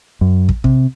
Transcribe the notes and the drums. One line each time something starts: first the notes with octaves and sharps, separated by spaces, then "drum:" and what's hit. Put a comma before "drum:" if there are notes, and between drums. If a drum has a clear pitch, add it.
F#2
drum: kick
C3, drum: kick